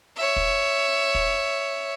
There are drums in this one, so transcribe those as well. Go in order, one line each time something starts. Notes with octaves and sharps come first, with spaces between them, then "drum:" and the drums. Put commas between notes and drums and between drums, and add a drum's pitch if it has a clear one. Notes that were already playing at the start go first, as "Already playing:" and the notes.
C#5 E5
drum: kick
drum: kick